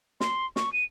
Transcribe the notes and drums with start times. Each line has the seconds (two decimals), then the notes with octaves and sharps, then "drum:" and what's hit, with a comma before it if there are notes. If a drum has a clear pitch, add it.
0.20 C6, drum: snare
0.56 C#6, drum: snare
0.73 D#7